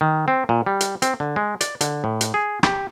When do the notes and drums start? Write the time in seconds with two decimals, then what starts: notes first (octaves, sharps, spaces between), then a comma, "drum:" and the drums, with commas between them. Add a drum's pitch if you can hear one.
0.01 D#3
0.28 C4
0.49 A#2
0.66 G3
0.81 drum: hi-hat
1.02 C4, drum: hi-hat
1.20 D3
1.36 G#3
1.61 D5, drum: hi-hat
1.81 D3, drum: hi-hat
2.04 A2
2.21 drum: hi-hat
2.34 G#4
2.63 G4, drum: rim click